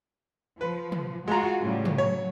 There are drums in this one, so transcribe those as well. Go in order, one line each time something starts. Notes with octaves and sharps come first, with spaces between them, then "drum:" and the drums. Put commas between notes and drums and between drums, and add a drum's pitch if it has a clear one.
F3 B4
drum: tom
G#3 F4 F#4 A#5
A2 C#3 G3
drum: tom
F#3 C#5